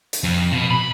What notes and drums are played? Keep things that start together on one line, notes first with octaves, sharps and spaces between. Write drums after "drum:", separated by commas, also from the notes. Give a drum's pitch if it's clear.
drum: hi-hat
F2
B2
B5